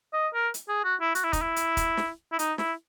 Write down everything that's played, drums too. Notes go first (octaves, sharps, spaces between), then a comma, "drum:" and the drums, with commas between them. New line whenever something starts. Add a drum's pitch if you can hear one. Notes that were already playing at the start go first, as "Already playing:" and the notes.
D#5
A#4
drum: hi-hat
G#4
F#4
E4
F#4, drum: hi-hat
E4
D#4, drum: kick, hi-hat
E4
drum: hi-hat
drum: kick, hi-hat
drum: snare
E4
D#4, drum: hi-hat
E4, drum: snare